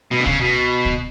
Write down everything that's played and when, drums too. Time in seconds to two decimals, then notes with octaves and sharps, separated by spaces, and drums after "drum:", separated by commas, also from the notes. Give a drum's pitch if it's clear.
0.11 B2
0.20 D3
0.26 C#3, drum: kick C#2
0.41 B2
0.85 drum: kick C#2